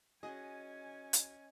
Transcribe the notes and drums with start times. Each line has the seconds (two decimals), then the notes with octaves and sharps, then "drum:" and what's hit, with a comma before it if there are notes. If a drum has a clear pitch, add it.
0.23 C#4 F#4 G#4 D#5 G#5
1.13 drum: hi-hat